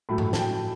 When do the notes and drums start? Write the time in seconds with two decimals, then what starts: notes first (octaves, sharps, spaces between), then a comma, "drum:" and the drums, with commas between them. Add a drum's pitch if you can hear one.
0.09 A2 F#3 A3 B5
0.18 drum: tom
0.33 A5, drum: snare
0.39 G5